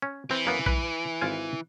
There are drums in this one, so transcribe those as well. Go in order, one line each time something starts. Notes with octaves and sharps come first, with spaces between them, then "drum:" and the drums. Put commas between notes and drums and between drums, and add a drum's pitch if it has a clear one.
C#4
E3 C4
F#2 A#3 B3
B4, drum: kick A#1
G#1 F4 G#5